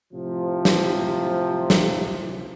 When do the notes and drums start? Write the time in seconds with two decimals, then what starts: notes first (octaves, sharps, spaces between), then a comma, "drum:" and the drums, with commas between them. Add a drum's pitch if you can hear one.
0.13 A2 C3 F3
0.65 drum: snare
1.70 drum: snare